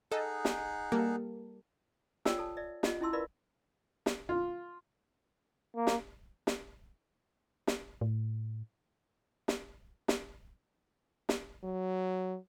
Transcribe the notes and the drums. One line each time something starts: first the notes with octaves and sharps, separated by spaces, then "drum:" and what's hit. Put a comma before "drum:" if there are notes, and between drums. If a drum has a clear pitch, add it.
D#4 G#4 A4 D#5 F#5
drum: snare
G3 A#3 A4 A#4
F4 C#5 D5 G5 G#5 E6, drum: snare
A4 A5
D5 E5
F4 D#5 F#5, drum: snare
C#4 E4 E5 A5 C6 E6
A#4 B4 D5 E5 F5 B5
drum: snare
F4
A#3
drum: snare
drum: snare
drum: snare
A2
drum: snare
drum: snare
drum: snare
F#3